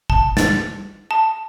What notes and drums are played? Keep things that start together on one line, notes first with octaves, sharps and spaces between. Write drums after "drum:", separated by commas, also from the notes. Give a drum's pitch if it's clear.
A5, drum: kick
A6, drum: snare
A5